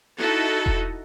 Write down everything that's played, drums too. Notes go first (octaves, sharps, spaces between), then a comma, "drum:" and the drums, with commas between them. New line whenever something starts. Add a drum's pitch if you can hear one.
D#4 E4 F#4 A4
drum: kick E1